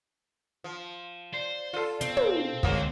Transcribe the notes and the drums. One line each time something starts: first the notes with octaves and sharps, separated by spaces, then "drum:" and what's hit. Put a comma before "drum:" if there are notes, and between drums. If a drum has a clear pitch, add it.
F3
C5 D5
F4 A4
B2 C4, drum: hi-hat
drum: tom
G1 C#2 G2 F3 F#3 G#3 A#3, drum: kick